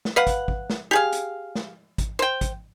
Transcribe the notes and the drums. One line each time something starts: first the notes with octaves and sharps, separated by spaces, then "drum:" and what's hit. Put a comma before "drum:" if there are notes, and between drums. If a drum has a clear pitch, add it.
drum: snare
B4 F5 F#5
drum: kick, hi-hat
drum: kick
drum: snare
G4 G#4 F5
drum: hi-hat
drum: snare
drum: kick, hi-hat
C5 G5
drum: kick, hi-hat